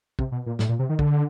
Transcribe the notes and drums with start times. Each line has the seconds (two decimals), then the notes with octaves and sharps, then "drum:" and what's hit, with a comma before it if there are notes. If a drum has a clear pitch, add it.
0.19 C3, drum: kick
0.32 B2
0.46 A#2
0.59 A2, drum: snare
0.69 A#2
0.79 C3
0.89 D#3
0.99 D3, drum: kick